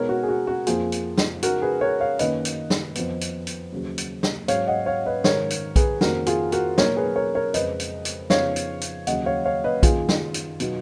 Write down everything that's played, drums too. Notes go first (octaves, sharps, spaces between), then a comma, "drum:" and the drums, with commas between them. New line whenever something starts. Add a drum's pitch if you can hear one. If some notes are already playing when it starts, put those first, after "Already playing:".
Already playing: B2 G#3 B3 D#4 A#4 C#5
F#4
G#4
F#4
F#4
F2 F3 A#3 F4 G#4, drum: hi-hat
drum: hi-hat
drum: snare
C#3 G#3 D#4 F#4 A#4, drum: hi-hat
G#4 B4
A#4 C#5
C#5 F5
F#2 D#3 A#3 C#4 B4 D#5, drum: hi-hat
drum: hi-hat
drum: snare
F2 F3 B3, drum: hi-hat
drum: hi-hat
drum: hi-hat
D#2 C#3 F#3
drum: hi-hat
drum: snare
G#2 F#3 C#4 C#5 F5, drum: hi-hat
D#5 F#5
C#5 F5
B4 D#5
G#2 D#3 G#3 A#4 C#5, drum: snare
drum: hi-hat
G#4 B4, drum: kick B1, hi-hat
F2 D#3 A#3 C#4 F#4 A#4, drum: snare
F4 G#4, drum: hi-hat
F#4 A#4, drum: hi-hat
B2 F#3 A#3 D#4 A#4 C#5, drum: snare
G#4 B4
A#4 C#5
A#4 C#5
F2 C#3 G#3 B4 D#5, drum: hi-hat
drum: hi-hat
drum: hi-hat
F2 C#3 F3 B3 D#4 C#5 F5, drum: snare
drum: hi-hat
drum: hi-hat
D#2 C#3 F#3 D#5 F#5, drum: hi-hat
C#5 F5
C#5 F5
B4 D#5
F#2 D#3 A#3 D#4 F4 G#4, drum: kick B1, hi-hat
drum: snare
drum: hi-hat
B2 F#3 B3 D#4, drum: hi-hat